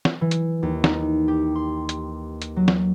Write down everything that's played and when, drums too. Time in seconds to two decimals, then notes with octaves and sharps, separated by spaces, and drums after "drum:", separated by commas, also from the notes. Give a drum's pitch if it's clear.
0.05 drum: snare
0.21 E3
0.31 drum: hi-hat
0.63 D#2
0.84 D#4, drum: snare
1.28 G4
1.56 C6
1.89 drum: hi-hat
2.42 drum: hi-hat
2.56 F#3
2.68 drum: snare